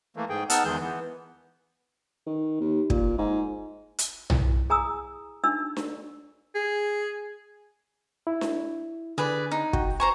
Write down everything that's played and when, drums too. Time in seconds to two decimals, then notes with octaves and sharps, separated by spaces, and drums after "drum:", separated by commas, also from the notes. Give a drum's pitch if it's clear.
0.16 E3 A3 A#3
0.29 G#2 G#4 G5
0.50 B3 D#4 F#5 A5 E6 F6, drum: hi-hat
0.65 E2 D#3 E3 G#3 G#4 G6
0.81 E3 B3
2.26 D#3
2.60 D#2
2.90 A#2, drum: kick
3.18 G#2
3.99 drum: hi-hat
4.30 E4, drum: tom B1
4.70 G#4 G#5 A#5 D#6 E6
5.44 D4 D#4 E6
5.76 drum: snare D4
6.55 G#4
8.27 E4
8.41 drum: snare D4
9.18 D3 G#4 B4 D5
9.51 D#4
9.73 F#4 G5, drum: kick
10.00 C5 G#5 A#5 C#6